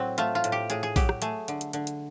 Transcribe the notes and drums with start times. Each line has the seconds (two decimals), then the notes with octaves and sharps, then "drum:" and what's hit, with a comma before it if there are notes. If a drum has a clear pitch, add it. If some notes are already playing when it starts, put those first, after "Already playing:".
Already playing: A2 F#3 C4
0.18 A3 F4, drum: hi-hat
0.35 F4
0.44 A2, drum: hi-hat
0.52 G4
0.70 A2 G#4, drum: hi-hat
0.83 G#4
0.96 F#3 G4, drum: kick A#1, open hi-hat
1.09 drum: rim click
1.22 A3 G#4, drum: hi-hat
1.48 D3, drum: hi-hat
1.61 drum: hi-hat
1.73 D3, drum: hi-hat
1.87 drum: hi-hat